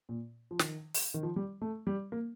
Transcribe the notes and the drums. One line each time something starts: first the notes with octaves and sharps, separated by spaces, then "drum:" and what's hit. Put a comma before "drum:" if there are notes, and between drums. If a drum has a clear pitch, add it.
A#2
F3
D#3, drum: snare
drum: open hi-hat
D#3
F3
G3
A3
G3
A#3